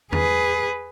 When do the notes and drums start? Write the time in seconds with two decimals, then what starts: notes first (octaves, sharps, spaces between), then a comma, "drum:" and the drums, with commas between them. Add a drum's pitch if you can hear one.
0.12 G#4 B4, drum: tom E2